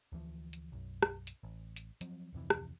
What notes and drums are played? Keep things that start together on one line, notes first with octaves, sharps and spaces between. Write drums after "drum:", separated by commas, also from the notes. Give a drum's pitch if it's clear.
D2 E3 F3
drum: hi-hat
B1 F#2
drum: rim click
drum: hi-hat
A1
drum: hi-hat
F3 F#3 C4, drum: hi-hat
D1 F2 C3 E3
drum: rim click